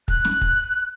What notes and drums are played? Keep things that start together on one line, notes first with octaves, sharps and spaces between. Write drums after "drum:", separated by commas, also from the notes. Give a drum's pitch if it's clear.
F#6, drum: kick
drum: snare
drum: kick